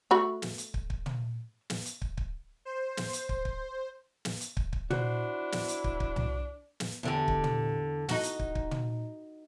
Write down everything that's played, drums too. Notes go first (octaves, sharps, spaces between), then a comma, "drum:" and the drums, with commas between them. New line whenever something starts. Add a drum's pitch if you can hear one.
A3 F#4 B5
drum: snare
drum: hi-hat
drum: kick
drum: kick
drum: tom
drum: snare
drum: hi-hat
drum: kick
drum: kick
C5
drum: snare
drum: hi-hat
drum: kick
drum: kick
drum: snare
drum: hi-hat
drum: kick
drum: kick
D4 E4 F#4 C5, drum: tom
drum: snare
drum: hi-hat
drum: kick
drum: kick
drum: tom C2
drum: snare
E2 D3 G4
drum: kick
drum: tom
D#4 F#4, drum: snare
drum: hi-hat
drum: kick
drum: kick
drum: tom